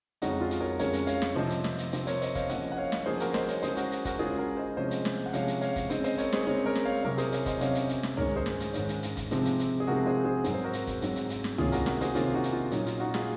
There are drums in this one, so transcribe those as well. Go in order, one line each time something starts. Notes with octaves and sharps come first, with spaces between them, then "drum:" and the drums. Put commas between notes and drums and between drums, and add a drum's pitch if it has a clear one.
F2 C#3 G#3 C#4 D#4 F#4, drum: hi-hat
F4
drum: hi-hat
A#4 C#5
F2 C#3 G#3 C#4 A#4 C#5, drum: hi-hat
drum: hi-hat
C#5 F5, drum: hi-hat
drum: snare
C3 F3 C4 C5 D#5
drum: hi-hat
drum: snare
drum: hi-hat
C3 F3 C4, drum: hi-hat
A#4 C#5, drum: hi-hat
C5 D#5, drum: hi-hat
C#5 F5, drum: kick, hi-hat
C#3 F3 A#3 D#5 F#5, drum: hi-hat
F#5
C#5 F5
drum: snare
C#3 F3 A#3 G#4 C5
F#4 A#4, drum: hi-hat
C5 D#5, drum: snare
A#4 C#5, drum: hi-hat
C#3 G#3 C#4 G#4 C5, drum: hi-hat
F#4 A#4, drum: hi-hat
drum: hi-hat
F#4 A#4, drum: kick, hi-hat
C#3 G#3 C#4 F4 G#4
F#4 A#4
C5 D#5
C3 F3 G#3 C#4 C5 D#5
drum: hi-hat
drum: snare
F#5
C3 F3 G#3 C#4 C#5 F5, drum: hi-hat
drum: hi-hat
C#5 F5, drum: hi-hat
drum: kick, hi-hat
C#3 G#3 C4 C5 D#5, drum: hi-hat
C5 D#5, drum: hi-hat
A#4 C#5, drum: hi-hat
G#4 C5, drum: snare
C#3 G#3 C4 A#4 C#5
A#4 C#5
drum: snare
C#5 F5
C3 F#3 C#4 A#4 C#5
G#4 C5, drum: hi-hat
A#4 C#5, drum: hi-hat
C5 D#5, drum: kick, hi-hat
C3 F#3 C#4 C#5 F5, drum: hi-hat
drum: hi-hat
drum: hi-hat
drum: snare
G#2 D#3 G#3 C#4 A#4 C#5, drum: tom
G#4 C5
drum: snare
drum: hi-hat
G#2 D#3 G#3 C#4, drum: hi-hat
drum: hi-hat
drum: hi-hat
drum: kick, hi-hat
C3 F3 G#3 C4, drum: hi-hat
drum: hi-hat
drum: hi-hat
G#4
C3 F3 G#3 C4 F#4 A#4
G#4 C5
G#4 C5
G#2 F#3 C4 A#4, drum: hi-hat
C5
F#4 A#4
drum: hi-hat
drum: kick, hi-hat
G#2 F#3 C4, drum: hi-hat
drum: hi-hat
drum: hi-hat
drum: snare
C3 D#3 A#3 C#4 F4 G#4, drum: tom
F#4 A#4, drum: hi-hat
F#4 A#4, drum: snare
G#4 C5, drum: hi-hat
C3 D#3 A#3 C#4 F4, drum: hi-hat
D#4 F#4
drum: hi-hat
F4
A#2 F#3 C#4 D#4, drum: hi-hat
F4, drum: hi-hat
D#4 F#4
F4 G#4, drum: snare